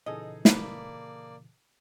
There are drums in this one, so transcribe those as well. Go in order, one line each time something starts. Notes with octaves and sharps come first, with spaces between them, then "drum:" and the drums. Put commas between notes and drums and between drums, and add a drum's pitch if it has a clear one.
A#2 C#3 E3 D#4 G#4 A4 D#5
A#3 B4 D5, drum: snare